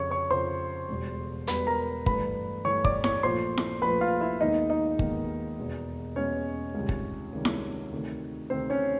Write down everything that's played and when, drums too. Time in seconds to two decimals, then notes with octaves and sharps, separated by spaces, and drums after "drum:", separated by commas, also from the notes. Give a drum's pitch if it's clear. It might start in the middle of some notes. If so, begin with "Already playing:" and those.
Already playing: F2 C#3 F3 C#5 C#6
0.11 C#5 C#6
0.31 F2 C#3 F3 C5 C6
0.89 E1 E2 B2 G3
1.47 E1 E2 B2 G3 B4 B5, drum: hi-hat
1.67 A#4 A#5
2.06 G2 E3 A3 B4 B5, drum: kick
2.65 G2 E3 A3 C#5 C#6
2.84 D5 D6, drum: kick
3.04 C#5 C#6, drum: snare E4
3.23 A#1 A#2 F3 A3 C5 C6
3.58 drum: snare E4
3.82 A#1 A#2 F3 A3 B4 B5
4.01 F4 F5
4.21 E4 E5
4.40 D#2 D#3 G#3 B3 D#4 D#5
4.70 D#4 D#5
4.99 D#2 D#3 G#3 B3, drum: kick
5.58 E2 B2 G#3 B3
6.16 E2 B2 G#3 B3 C#4 C#5
6.75 C#2 C3 D#3 G3
6.89 drum: kick
7.33 C#2 C3 D#3 G3
7.45 drum: snare E4
7.92 D2 C3 D#3
8.50 D2 C3 D#3 C4 C5
8.70 C#4 C#5